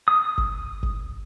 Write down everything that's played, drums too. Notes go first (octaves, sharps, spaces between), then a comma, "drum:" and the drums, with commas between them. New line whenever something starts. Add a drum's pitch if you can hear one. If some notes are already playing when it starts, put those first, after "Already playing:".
D#6
drum: kick G1
drum: kick G1